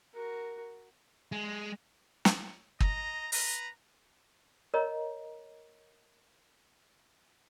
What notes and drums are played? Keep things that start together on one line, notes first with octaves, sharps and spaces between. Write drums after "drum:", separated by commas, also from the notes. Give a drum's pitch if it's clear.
F#4 A#4
G#3
drum: snare
D#5 A#5, drum: kick
B4 A#5, drum: open hi-hat
A#4 C#5 D#5 A#5